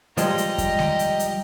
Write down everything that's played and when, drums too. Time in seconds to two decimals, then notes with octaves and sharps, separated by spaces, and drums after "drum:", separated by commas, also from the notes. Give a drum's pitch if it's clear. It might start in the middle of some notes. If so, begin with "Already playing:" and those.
0.17 F3 G3 G#3 G4 D#5 A#5, drum: hi-hat
0.38 drum: hi-hat
0.58 drum: kick F2, hi-hat
0.79 drum: snare G#3
0.99 drum: hi-hat
1.20 drum: hi-hat